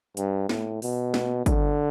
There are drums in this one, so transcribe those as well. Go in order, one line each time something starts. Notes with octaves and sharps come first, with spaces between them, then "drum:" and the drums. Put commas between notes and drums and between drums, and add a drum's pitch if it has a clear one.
G2, drum: hi-hat
A2, drum: snare
B2, drum: open hi-hat
drum: snare
D3, drum: kick, hi-hat